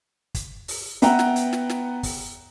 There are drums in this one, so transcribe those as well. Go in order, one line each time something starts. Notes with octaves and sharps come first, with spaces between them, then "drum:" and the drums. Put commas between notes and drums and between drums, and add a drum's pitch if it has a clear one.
drum: kick, hi-hat
drum: open hi-hat
B3 B4 E5 F#5 G5 A#5, drum: hi-hat
drum: snare
drum: hi-hat
drum: snare
drum: snare
drum: kick, open hi-hat